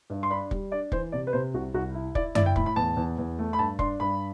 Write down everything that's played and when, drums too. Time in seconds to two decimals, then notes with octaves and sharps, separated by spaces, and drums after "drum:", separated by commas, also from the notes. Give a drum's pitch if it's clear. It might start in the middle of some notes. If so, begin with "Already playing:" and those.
0.10 G2
0.23 C6
0.30 D4 B5
0.51 G3, drum: kick
0.71 D4 D5
0.92 E3 C5, drum: kick
1.12 C3 D5
1.27 B4
1.33 C3 C5
1.54 C2 F#4
1.74 C2 F#4
1.94 E4
2.15 E4 D5, drum: kick
2.35 E4 D5, drum: tom F#2
2.46 G5
2.56 A2 B5, drum: kick
2.66 B5
2.76 E2 A5
2.97 E2
3.18 E2
3.39 A3
3.53 B5
3.59 G2 A5
3.79 D4 C6, drum: kick
4.00 G2 B5